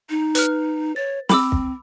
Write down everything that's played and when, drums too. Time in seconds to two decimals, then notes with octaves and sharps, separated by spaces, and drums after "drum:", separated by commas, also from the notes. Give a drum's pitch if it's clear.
0.10 D#4
0.35 B4 F6, drum: hi-hat
0.96 C#5 A6
1.29 C4 B5 D6 E6, drum: snare
1.52 drum: kick